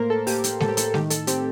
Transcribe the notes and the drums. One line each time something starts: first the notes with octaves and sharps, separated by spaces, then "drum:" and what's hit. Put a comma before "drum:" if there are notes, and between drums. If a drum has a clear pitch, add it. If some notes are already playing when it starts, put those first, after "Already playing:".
Already playing: A2 A#3 A#4 C5
A4
A#3 G4, drum: open hi-hat
drum: hi-hat
A2 A4, drum: snare G#3
G4
A4, drum: hi-hat
D#3 G4, drum: snare G#3
A4, drum: hi-hat
C4 G4, drum: hi-hat